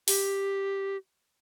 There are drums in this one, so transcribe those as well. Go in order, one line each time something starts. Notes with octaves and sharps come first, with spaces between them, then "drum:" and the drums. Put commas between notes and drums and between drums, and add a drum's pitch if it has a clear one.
G4, drum: open hi-hat